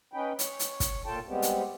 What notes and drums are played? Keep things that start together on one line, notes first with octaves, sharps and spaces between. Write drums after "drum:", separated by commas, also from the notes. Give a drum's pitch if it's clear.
C#4 D#4 B4 G5
C#5, drum: hi-hat
drum: hi-hat
drum: kick, hi-hat
A#2 F4 A4 G5 A5
G3 G#3 B3 C4 G4
drum: hi-hat